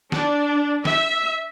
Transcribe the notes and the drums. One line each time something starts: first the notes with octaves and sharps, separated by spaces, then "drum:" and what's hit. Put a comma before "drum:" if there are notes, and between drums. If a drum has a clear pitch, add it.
D4, drum: snare
E5, drum: snare